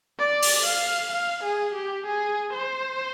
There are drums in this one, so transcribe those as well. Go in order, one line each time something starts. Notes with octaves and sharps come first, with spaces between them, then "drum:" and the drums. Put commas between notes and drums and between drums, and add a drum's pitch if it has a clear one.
D5
drum: open hi-hat
F5
F5
G#4
G4
G#4
C5